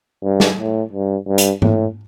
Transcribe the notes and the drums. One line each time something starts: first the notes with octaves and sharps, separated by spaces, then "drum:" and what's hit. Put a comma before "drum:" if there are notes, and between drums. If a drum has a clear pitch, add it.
G2
drum: snare
A2
G2
G2
drum: hi-hat
A2, drum: tom G#2